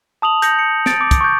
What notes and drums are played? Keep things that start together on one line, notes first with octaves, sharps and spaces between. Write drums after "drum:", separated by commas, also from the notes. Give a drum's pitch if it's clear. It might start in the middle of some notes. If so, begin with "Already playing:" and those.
A5 D#6 F7 F#7
G6 A#6 C#7, drum: hi-hat
C#7
A6 D7, drum: snare
D6
drum: kick, hi-hat
C#6 G6